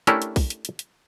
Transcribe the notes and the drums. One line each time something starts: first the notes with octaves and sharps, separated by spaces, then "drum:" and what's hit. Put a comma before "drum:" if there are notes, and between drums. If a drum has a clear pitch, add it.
A3 C#4 D4 E4 G4 A#4, drum: hi-hat
drum: hi-hat
drum: kick B1, open hi-hat
drum: hi-hat
drum: hi-hat
drum: hi-hat